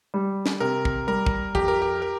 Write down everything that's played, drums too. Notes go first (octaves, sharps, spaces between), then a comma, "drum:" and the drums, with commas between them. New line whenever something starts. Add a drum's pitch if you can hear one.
G3
drum: snare
C3 A#4
drum: kick
G3 A#4
drum: kick
F2 G4, drum: kick
A#4
G4
A#4